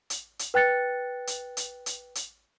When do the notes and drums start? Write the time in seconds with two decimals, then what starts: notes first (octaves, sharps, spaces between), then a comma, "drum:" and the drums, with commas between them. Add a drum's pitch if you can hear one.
0.10 drum: hi-hat
0.39 drum: hi-hat
0.54 B4 G5 F#6 A6 C#7
1.27 drum: hi-hat
1.57 drum: hi-hat
1.86 drum: hi-hat
2.15 drum: hi-hat